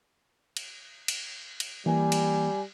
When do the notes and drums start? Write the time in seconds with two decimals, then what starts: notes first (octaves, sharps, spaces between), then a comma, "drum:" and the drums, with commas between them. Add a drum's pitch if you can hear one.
0.57 drum: cymbal
1.08 drum: cymbal
1.60 drum: cymbal
1.86 E3 G3 A#3 G#5
2.12 drum: cymbal